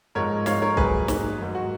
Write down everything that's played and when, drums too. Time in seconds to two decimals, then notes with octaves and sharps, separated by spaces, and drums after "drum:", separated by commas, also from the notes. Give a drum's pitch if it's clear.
0.15 G#2 F3 G#3 A#4 C#5
0.46 C#5 F5, drum: snare
0.62 A#4 C#5
0.77 G#2 F#3 G#4 B4, drum: kick
1.08 drum: snare
1.39 G#2 D#3 F#3
1.55 F#4